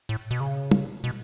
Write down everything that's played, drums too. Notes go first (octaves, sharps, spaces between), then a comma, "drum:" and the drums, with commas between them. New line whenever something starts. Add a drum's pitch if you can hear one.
A2
B2
C#3
drum: tom
B2